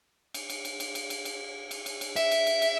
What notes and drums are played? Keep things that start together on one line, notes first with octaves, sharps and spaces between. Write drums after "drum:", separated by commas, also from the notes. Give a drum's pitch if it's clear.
drum: cymbal
drum: cymbal
drum: cymbal
drum: cymbal
drum: cymbal
drum: cymbal
drum: cymbal
drum: cymbal
drum: cymbal
drum: cymbal
E5, drum: cymbal
drum: cymbal
drum: cymbal
drum: cymbal